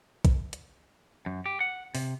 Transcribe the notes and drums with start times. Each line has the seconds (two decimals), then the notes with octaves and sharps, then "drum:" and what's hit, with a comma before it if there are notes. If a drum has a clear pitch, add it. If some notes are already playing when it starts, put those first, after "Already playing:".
0.25 drum: kick, hi-hat
0.53 drum: hi-hat
1.26 F#2
1.46 G4
1.60 F#5
1.95 C3, drum: open hi-hat